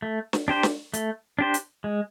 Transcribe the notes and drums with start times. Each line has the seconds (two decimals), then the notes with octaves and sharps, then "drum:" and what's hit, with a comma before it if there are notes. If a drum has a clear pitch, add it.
0.02 A3
0.33 drum: snare
0.48 D4 G4 C5
0.63 drum: snare
0.94 A3, drum: hi-hat
1.39 D4 G4 C5
1.54 drum: hi-hat
1.84 G#3